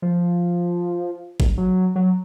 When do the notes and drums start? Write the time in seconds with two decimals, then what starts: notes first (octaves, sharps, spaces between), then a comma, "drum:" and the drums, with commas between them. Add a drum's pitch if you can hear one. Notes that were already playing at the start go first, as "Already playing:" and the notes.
0.02 F3
1.40 drum: kick G#1
1.58 F#3
1.96 F#3